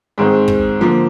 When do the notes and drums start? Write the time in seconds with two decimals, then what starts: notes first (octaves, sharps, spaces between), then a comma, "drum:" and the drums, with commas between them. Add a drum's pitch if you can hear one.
0.18 G#2 D#3 G#3 C4
0.48 drum: kick
0.81 D3 F3 A#3